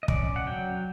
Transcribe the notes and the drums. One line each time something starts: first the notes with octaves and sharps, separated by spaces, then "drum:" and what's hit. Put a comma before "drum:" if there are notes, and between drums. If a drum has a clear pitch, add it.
D#5
C#4 D5, drum: kick
F#5
F#3 G5